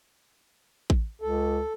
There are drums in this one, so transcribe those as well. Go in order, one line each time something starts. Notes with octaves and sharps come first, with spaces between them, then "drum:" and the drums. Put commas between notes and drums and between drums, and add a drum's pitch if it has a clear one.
drum: kick A1
C#2 A4